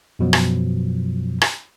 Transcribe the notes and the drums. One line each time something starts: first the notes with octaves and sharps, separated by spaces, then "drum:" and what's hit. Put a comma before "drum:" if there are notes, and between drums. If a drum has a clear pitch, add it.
F#2 B2 F3 F#3
drum: rim click
drum: rim click